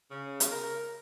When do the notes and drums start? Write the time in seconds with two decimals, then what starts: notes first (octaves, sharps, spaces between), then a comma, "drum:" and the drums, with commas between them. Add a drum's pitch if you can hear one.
0.11 C#3
0.40 drum: hi-hat
0.51 A#4